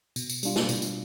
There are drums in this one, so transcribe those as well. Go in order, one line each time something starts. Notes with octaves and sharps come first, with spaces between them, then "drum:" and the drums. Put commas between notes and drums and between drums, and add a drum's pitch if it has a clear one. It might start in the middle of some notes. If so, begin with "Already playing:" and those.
B2, drum: tambourine
drum: tambourine
G3 D4 F4, drum: tambourine
drum: snare
B2, drum: tambourine
drum: tambourine